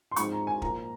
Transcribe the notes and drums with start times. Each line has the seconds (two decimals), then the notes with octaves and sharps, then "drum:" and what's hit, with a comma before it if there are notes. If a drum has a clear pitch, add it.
0.11 C6
0.16 G#2 F3 G#3 C4 D#4 C#6, drum: hi-hat
0.32 A#5
0.47 G#5
0.62 A#2 F3 A#3 A#5, drum: kick